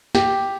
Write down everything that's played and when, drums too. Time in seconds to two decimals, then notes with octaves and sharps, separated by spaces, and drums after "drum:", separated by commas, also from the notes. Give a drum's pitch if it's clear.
0.15 G4, drum: snare